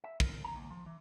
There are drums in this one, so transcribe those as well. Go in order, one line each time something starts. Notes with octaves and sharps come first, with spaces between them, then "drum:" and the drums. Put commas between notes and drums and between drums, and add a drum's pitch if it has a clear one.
E5
A#4, drum: kick
A#5
D#2
F3
E3